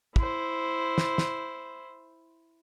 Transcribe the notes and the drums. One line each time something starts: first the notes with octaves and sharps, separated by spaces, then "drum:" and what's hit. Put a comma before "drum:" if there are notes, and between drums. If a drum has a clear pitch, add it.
E4 C5, drum: kick
drum: snare
drum: snare